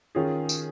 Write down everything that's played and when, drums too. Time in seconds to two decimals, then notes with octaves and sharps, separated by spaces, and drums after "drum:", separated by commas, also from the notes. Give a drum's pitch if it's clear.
0.15 D#3 C#4 F4 G#4
0.49 drum: tambourine